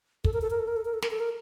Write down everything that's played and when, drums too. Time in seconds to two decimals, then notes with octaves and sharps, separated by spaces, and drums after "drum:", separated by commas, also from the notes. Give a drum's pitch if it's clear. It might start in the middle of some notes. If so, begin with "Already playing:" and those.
0.24 A4, drum: kick
0.33 A#4
0.41 A4
0.50 A#4
0.59 A4
0.67 A#4
0.76 A4
0.85 A#4
0.94 A4
1.02 A#4, drum: snare
1.10 A4
1.20 A#4